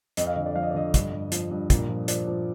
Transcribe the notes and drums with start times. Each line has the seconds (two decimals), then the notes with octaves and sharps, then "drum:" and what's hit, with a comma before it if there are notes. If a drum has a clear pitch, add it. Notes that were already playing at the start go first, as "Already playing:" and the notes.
0.17 F2 D#5, drum: hi-hat
0.27 F5
0.36 D3
0.46 D5
0.56 F3 F5
0.63 D#5
0.70 D5
0.75 D3 D#5
0.94 G2, drum: kick, hi-hat
1.13 G2
1.32 F3, drum: hi-hat
1.51 G2
1.70 A#2, drum: kick, hi-hat
1.89 F3
2.08 F3 D5, drum: hi-hat
2.28 F3